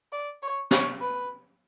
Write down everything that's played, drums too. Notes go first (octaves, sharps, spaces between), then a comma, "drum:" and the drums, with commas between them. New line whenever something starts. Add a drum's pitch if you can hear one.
D5
C#5
C#5, drum: snare
B4